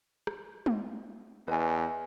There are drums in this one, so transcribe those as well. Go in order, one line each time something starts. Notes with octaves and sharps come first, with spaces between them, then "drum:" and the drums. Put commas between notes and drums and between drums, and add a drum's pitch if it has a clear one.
drum: rim click
drum: tom
E2 B4 D#5 G#5